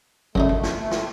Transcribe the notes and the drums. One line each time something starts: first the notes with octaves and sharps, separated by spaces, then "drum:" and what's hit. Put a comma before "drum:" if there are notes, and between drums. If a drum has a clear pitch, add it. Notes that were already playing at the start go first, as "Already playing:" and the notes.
F#2 D3 A3 D#4, drum: kick
drum: kick
drum: snare
drum: snare